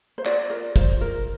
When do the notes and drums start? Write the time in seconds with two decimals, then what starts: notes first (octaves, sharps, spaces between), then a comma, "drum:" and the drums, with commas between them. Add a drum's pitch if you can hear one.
0.18 C5
0.26 F4 D5, drum: clap
0.50 A#4
0.76 F4 C5, drum: kick, hi-hat
1.01 A#4